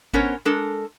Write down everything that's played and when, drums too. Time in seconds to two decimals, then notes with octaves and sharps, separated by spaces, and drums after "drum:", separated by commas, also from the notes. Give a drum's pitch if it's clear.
0.14 B3 C#4 A#4 C5 C#5, drum: kick G#1
0.45 G#3 D4 A4 A#4